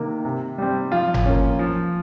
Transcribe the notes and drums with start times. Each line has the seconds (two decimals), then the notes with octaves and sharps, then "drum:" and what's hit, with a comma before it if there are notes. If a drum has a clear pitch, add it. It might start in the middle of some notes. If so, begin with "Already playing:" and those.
Already playing: C3 D#3 A#3
0.25 C3
0.58 G3 C4
0.92 F3 F4
1.14 drum: tom G1
1.25 A#3 C#4
1.59 F3